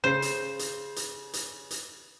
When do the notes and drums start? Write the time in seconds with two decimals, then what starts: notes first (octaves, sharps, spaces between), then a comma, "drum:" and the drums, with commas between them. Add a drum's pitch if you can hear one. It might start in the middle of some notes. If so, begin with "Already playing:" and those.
0.04 C#3 C5 C7
0.22 drum: hi-hat
0.59 drum: hi-hat
0.96 drum: hi-hat
1.33 drum: hi-hat
1.71 drum: hi-hat